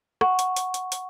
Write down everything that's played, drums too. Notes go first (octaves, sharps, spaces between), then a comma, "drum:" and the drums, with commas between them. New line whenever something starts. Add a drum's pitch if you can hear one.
F#5 C#6, drum: rim click
drum: hi-hat
drum: hi-hat
drum: hi-hat
drum: hi-hat